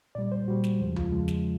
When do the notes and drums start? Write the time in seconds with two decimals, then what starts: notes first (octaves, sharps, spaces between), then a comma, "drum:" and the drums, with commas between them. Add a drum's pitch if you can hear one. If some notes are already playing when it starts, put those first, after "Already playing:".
0.15 A#2 G3 D5
0.32 C5
0.48 A#2 G3 F#4
0.64 drum: snare
0.80 E2 C#3 F3 G#3
0.96 F4, drum: tom C#2
1.12 E2 C#3 F3 G#3
1.28 drum: snare